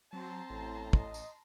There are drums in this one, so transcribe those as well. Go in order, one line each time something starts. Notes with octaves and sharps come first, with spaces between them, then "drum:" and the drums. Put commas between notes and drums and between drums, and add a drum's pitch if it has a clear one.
F#3 C4 A5 A#5 C6
A1 A2
D#5, drum: kick
drum: tambourine